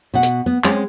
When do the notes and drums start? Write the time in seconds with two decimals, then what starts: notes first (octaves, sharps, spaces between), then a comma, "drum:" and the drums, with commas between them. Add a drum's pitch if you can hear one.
0.14 B2 F#5
0.23 drum: hi-hat
0.46 B3
0.64 G#3 C4 C#4, drum: clap